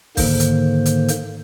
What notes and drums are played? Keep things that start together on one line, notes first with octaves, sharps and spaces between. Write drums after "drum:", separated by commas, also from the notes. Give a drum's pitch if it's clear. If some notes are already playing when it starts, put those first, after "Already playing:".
G#2 D3 D#3 A#3 C5, drum: kick, open hi-hat
drum: hi-hat
drum: hi-hat
drum: hi-hat